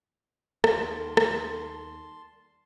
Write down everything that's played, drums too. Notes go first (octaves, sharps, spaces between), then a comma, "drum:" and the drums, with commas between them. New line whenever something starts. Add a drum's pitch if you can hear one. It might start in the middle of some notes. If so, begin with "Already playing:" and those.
D#2 G3 A#3 F#5 A5 C6, drum: rim click
drum: rim click